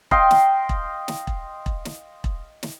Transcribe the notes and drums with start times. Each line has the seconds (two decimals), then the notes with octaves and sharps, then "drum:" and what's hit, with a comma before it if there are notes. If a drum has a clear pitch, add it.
0.11 D#5 F5 G5 C6, drum: kick E1
0.31 drum: snare
0.69 drum: kick E1
1.08 drum: snare
1.27 drum: kick E1
1.66 drum: kick E1
1.85 drum: snare
2.24 drum: kick E1
2.63 drum: snare